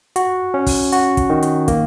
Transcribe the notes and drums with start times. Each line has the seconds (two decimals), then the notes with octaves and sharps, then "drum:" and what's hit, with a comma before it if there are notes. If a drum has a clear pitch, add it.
0.16 F#4, drum: hi-hat
0.54 C#4
0.67 drum: kick, open hi-hat
0.92 F#4, drum: hi-hat
1.17 drum: kick, hi-hat
1.30 D#3
1.43 drum: hi-hat
1.68 A#3, drum: kick, hi-hat